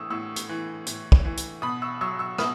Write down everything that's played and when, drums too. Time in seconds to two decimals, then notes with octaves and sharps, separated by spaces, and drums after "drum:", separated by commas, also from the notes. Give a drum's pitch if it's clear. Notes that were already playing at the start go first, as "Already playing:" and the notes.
Already playing: A2 E3 C#6 D#6 E6
0.10 A2 C#6 E6
0.36 drum: hi-hat
0.49 E3
0.86 A2, drum: hi-hat
1.12 drum: kick
1.25 E3
1.37 drum: hi-hat
1.62 B2 B5 D#6
1.82 C#6 E6
2.01 F#3 C#6 E6
2.19 C#6 E6
2.38 B2 B5 D#6, drum: rim click